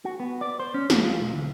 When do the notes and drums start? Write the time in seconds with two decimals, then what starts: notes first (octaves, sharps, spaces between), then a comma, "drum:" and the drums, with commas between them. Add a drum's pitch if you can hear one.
0.05 F#4
0.20 B3
0.41 D5
0.59 C5
0.74 C#4
0.90 E2, drum: snare
1.03 F4
1.20 B1
1.34 D2